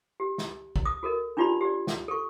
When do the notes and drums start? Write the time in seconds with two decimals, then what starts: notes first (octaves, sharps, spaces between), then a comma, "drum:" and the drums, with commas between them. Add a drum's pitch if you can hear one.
0.20 G4
0.38 drum: snare
0.76 drum: kick
0.86 D#6
1.03 F#4 A4 A#4 D#5
1.37 D4 D#4 F4 G4 D5 B5
1.61 G4 D5
1.87 drum: snare
2.08 A4 C#6